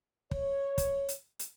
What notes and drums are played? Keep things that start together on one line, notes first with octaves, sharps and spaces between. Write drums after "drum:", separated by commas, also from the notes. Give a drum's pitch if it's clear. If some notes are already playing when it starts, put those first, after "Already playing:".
C#5, drum: kick
drum: kick, hi-hat
drum: hi-hat
drum: hi-hat